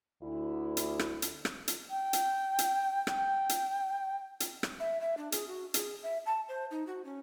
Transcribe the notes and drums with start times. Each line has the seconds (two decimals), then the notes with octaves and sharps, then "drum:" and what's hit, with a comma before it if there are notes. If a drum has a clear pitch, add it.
0.23 D2 E4
0.77 drum: hi-hat
0.99 drum: rim click
1.22 drum: hi-hat
1.45 drum: rim click
1.68 drum: hi-hat
1.90 G5
2.13 drum: hi-hat
2.59 drum: hi-hat
3.07 G5, drum: rim click
3.49 drum: hi-hat
4.40 drum: hi-hat
4.63 drum: rim click
4.80 E5
5.01 E5
5.17 D4
5.32 G#4, drum: hi-hat
5.48 F#4
5.74 G#4, drum: hi-hat
6.03 E5
6.26 A5
6.49 C5
6.71 D#4
6.87 F#4
7.05 C#4